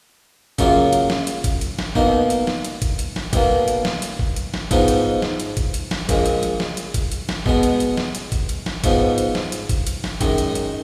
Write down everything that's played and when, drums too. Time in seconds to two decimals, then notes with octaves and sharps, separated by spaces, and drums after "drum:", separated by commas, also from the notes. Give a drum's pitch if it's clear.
0.58 F#2 C#3 F#3 A#3 F4, drum: kick G1, hi-hat
0.93 drum: hi-hat
1.10 drum: snare
1.27 drum: hi-hat
1.44 drum: kick G1, hi-hat
1.61 drum: hi-hat
1.79 drum: snare
1.95 B2 A#3 D#4, drum: kick G1
2.30 drum: hi-hat
2.47 drum: snare
2.65 drum: hi-hat
2.82 drum: kick G1, hi-hat
2.99 drum: hi-hat
3.16 drum: snare
3.33 B1 B2 A#3, drum: kick G1, hi-hat
3.68 drum: hi-hat
3.85 drum: snare
4.02 drum: hi-hat
4.19 drum: kick G1
4.36 drum: hi-hat
4.54 drum: snare
4.71 G#2 F3 B3 D#4, drum: kick G1, hi-hat
4.88 drum: hi-hat
5.22 drum: snare
5.40 drum: hi-hat
5.57 drum: kick G1, hi-hat
5.74 drum: hi-hat
5.91 drum: snare
6.09 A#1 A#2 G#3, drum: kick G1, hi-hat
6.26 drum: hi-hat
6.43 drum: hi-hat
6.60 drum: snare
6.77 drum: hi-hat
6.94 drum: kick G1, hi-hat
7.12 drum: hi-hat
7.29 drum: snare
7.46 B2 G#3 B3, drum: kick G1
7.63 drum: hi-hat
7.80 drum: hi-hat
7.97 drum: snare
8.15 drum: hi-hat
8.32 drum: kick G1, hi-hat
8.49 drum: hi-hat
8.66 drum: snare
8.84 G#2 F3 B3, drum: kick G1, hi-hat
9.18 drum: hi-hat
9.35 drum: snare
9.52 drum: hi-hat
9.69 drum: kick G1, hi-hat
9.87 drum: hi-hat
10.04 drum: snare
10.21 F#2 D#3 G#3, drum: kick G1, hi-hat
10.38 drum: hi-hat
10.55 drum: hi-hat